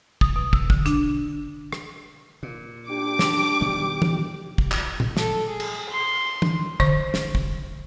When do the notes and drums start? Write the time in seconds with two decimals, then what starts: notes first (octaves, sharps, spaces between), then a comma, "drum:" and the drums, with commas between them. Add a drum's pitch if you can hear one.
0.21 D#6, drum: kick
0.36 B2
0.53 E6, drum: kick
0.70 D3, drum: kick
0.86 D4, drum: hi-hat
1.73 drum: rim click
2.43 A#2
2.90 D4 G4 D6
3.19 drum: snare
3.61 B2 D#3 G3
4.02 drum: tom
4.58 drum: kick
4.71 drum: clap
5.00 drum: tom A#2
5.17 A4, drum: snare
5.50 G#4
5.60 drum: cymbal
5.89 C6
6.42 drum: tom
6.80 D3 C#6, drum: kick
7.14 drum: snare
7.35 drum: kick